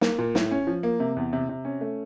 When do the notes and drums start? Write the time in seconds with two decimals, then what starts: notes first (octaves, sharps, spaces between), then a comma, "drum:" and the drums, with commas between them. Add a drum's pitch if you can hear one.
0.01 A#3, drum: snare
0.19 A#2
0.35 A2, drum: snare
0.51 C#4
0.67 F3
0.83 A#3
1.00 C3
1.17 E2
1.33 C3
1.49 C3
1.65 C#4
1.81 A3